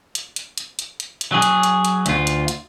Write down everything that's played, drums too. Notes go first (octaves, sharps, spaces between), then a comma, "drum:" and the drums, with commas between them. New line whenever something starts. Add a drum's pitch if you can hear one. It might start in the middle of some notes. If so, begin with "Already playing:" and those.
drum: hi-hat
drum: hi-hat
drum: hi-hat
drum: hi-hat
drum: hi-hat
drum: hi-hat
F#3 G#4
drum: hi-hat
drum: hi-hat
drum: hi-hat
D2 F4, drum: hi-hat
drum: hi-hat
drum: hi-hat